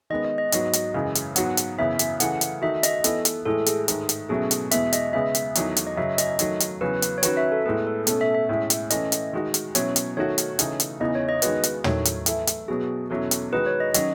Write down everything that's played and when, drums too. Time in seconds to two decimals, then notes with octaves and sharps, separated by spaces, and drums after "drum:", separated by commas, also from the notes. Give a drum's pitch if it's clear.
0.10 D#3 G#3 B3 D#5
0.25 D#5
0.38 D#5
0.52 G#2 F#3 B3 F#4, drum: hi-hat
0.73 drum: hi-hat
0.94 F#2 C#3 E3 G#3
1.15 drum: hi-hat
1.36 G#2 F#3 B3 F#4 F#5, drum: hi-hat
1.57 drum: hi-hat
1.78 F#2 C#3 E3 B3 E4 E5
1.99 drum: hi-hat
2.20 C#3 E3 A3 E4 F#5, drum: hi-hat
2.41 drum: hi-hat
2.62 D#3 A3 D#4 F#4 E5
2.83 D#5, drum: hi-hat
3.04 E3 B3 E4 A4, drum: hi-hat
3.25 drum: hi-hat
3.46 A2 E3 G#3 A4
3.66 G#4, drum: hi-hat
3.88 G#2 D#3 A3, drum: hi-hat
4.09 drum: hi-hat
4.29 B2 F#3 A3 C#4 E4 G#4
4.51 drum: hi-hat
4.71 E2 B2 G#3 B3 E5, drum: hi-hat
4.93 D#5, drum: hi-hat
5.13 C#3 G#3 B3 E5
5.35 drum: hi-hat
5.55 E2 D#3 F#3 A3 D#4, drum: hi-hat
5.76 drum: hi-hat
5.87 D#5
5.97 F#2 C#3 F#3 C#4 E5
6.18 D#5, drum: hi-hat
6.39 D#3 F#3 A3, drum: hi-hat
6.60 drum: hi-hat
6.81 E2 C#3 F#3 B4
7.02 drum: hi-hat
7.18 C#5
7.23 D#3 F#3 C#4 F#4 B4, drum: hi-hat
7.37 E5
7.52 A4
7.65 A2 G#3 B3 B4
7.87 A4
8.07 B2 A3 C#4 A4, drum: hi-hat
8.21 E5
8.35 E5
8.49 A2 G#3 C#4 E4
8.70 drum: hi-hat
8.90 E3 A3 C#4 E4 D#5, drum: hi-hat
9.12 drum: hi-hat
9.33 D#3 G#3 D#4 F#4
9.54 drum: hi-hat
9.75 B2 F#3 C#4 E4 C#5, drum: hi-hat
9.96 drum: hi-hat
10.17 D#3 A3 D#4 F#4 C#5
10.38 drum: hi-hat
10.59 C#3 E3 A3 D#4, drum: hi-hat
10.80 drum: hi-hat
11.00 E2 C#3 E3 B3 D#4 D#5
11.15 C#5
11.29 D#5
11.42 D#3 G#3 B3 F#4 B4, drum: hi-hat
11.63 drum: hi-hat
11.84 D#3 F#3 A3 E4 C#5, drum: tom
12.05 drum: hi-hat
12.26 E3 A3 E4, drum: hi-hat
12.47 drum: hi-hat
12.68 B2 F#3 B3 F#4 G#4
13.10 E2 B2 F#3 C#4 E4 A4
13.31 drum: hi-hat
13.52 D#3 G#3 D#4 F#4 B4
13.66 C#5
13.80 D#5
13.94 D#3 F#3 C#4 F#4 D#5, drum: hi-hat